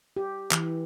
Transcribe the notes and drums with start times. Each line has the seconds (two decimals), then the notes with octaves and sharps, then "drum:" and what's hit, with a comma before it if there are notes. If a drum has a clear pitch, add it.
0.17 G4
0.51 E3, drum: clap